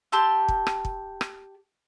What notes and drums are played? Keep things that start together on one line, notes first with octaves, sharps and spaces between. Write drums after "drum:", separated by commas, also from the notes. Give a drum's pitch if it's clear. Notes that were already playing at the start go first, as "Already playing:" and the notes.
G4 A5 C6 E6
drum: kick
drum: rim click
drum: kick
drum: rim click